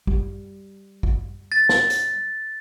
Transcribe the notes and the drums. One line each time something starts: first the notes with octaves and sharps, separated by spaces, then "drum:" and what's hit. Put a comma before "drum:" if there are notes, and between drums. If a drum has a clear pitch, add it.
G3, drum: kick
drum: kick
A6
drum: snare
drum: hi-hat